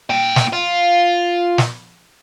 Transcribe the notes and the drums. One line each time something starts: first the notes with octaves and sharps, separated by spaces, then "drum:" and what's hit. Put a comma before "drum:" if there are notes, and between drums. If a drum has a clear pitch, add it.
A#2 G5
drum: snare
F4
drum: snare